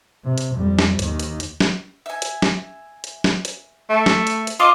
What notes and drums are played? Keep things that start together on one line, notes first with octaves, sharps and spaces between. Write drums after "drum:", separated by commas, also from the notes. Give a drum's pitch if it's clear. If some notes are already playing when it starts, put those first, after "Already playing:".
C3
drum: hi-hat
F2 G3
drum: snare
D#2 D#3, drum: hi-hat
drum: hi-hat
drum: hi-hat
drum: snare
E5 G#5
drum: hi-hat
drum: snare
drum: hi-hat
drum: snare
drum: hi-hat
A3
drum: snare
drum: hi-hat
drum: hi-hat
F4 D#5 D6